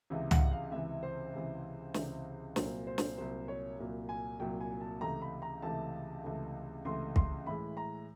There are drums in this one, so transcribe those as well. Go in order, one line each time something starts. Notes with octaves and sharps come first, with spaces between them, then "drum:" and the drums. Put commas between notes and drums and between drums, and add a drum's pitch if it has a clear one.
C#2 C3 E3
F#5, drum: tom
F5
C#2 C3 E3 E5
C5
C#2 C3 E3
C#2 C3 E3, drum: snare
C2 A#2 F#3 C5, drum: snare
C5
drum: snare
C2 A#2 F#3 C5
C#5
C2 A#2 F#3
G#5
C2 A#2 F#3 G5
G#5
A5
C#2 C3 E3 A3 A#5
B5
A#5
C#2 C3 E3 A3 A5
C#2 C3 E3 A3
C#2 C3 E3 A3 C6
C6, drum: kick
A2 E3 G#3 B5
A#5